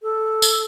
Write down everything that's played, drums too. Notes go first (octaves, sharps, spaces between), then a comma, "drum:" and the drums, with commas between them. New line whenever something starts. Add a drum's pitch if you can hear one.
A4
drum: tambourine